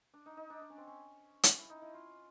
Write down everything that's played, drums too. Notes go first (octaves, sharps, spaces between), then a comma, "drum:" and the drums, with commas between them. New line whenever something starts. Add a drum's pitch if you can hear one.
D4
D#4
D#4
D4
D4
C#4
C4
C#4
drum: hi-hat
E4
D#4
E4
F4